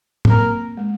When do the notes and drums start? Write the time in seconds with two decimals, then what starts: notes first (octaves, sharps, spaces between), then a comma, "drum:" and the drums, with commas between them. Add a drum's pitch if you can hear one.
0.25 C4, drum: tom
0.30 A#3 A#4
0.77 G#3